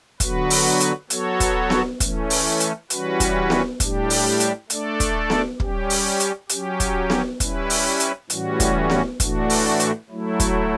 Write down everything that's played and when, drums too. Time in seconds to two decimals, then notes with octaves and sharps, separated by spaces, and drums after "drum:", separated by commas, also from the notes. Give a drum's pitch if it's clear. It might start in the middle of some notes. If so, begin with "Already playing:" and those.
0.20 D3 F#3 B3 F#4 B4, drum: kick, hi-hat
0.50 drum: open hi-hat
0.80 drum: hi-hat
1.10 F#3 B3 F#4 A4 C#5, drum: hi-hat
1.40 drum: kick, hi-hat
1.70 drum: snare B3
2.00 E3 A3 C#4, drum: kick, hi-hat
2.30 drum: open hi-hat
2.60 drum: hi-hat
2.90 E3 G3 C#4 F#4 B4, drum: hi-hat
3.20 drum: kick, hi-hat
3.50 drum: snare B3
3.80 A2 G3 D4 G4, drum: kick, hi-hat
4.10 drum: open hi-hat
4.40 drum: hi-hat
4.70 A3 D4 A4 D5, drum: hi-hat
5.00 drum: kick, hi-hat
5.30 drum: snare B3
5.60 G3 C#4 G4, drum: kick
5.90 drum: open hi-hat
6.20 drum: hi-hat
6.49 F#3 C#4 G4, drum: hi-hat
6.80 drum: kick, hi-hat
7.10 drum: snare B3
7.40 G3 C#4 E4 B4, drum: kick, hi-hat
7.70 drum: open hi-hat
8.00 drum: hi-hat
8.30 A2 E3 G3 C#4 F#4, drum: hi-hat
8.60 drum: kick, hi-hat
8.90 drum: snare B3
9.20 A2 E3 A3 D4 F#4, drum: kick, hi-hat
9.50 drum: open hi-hat
9.80 drum: hi-hat
10.10 F#3 A3 E4
10.40 drum: kick, hi-hat